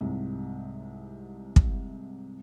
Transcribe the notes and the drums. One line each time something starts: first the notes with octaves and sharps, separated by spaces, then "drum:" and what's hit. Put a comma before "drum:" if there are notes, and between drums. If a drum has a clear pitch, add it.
C2 G#2 C3
drum: kick